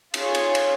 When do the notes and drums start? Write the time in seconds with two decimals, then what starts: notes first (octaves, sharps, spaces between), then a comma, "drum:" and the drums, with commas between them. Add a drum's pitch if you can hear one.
0.14 F4 G#4 C#5, drum: cymbal
0.35 drum: cymbal
0.55 drum: cymbal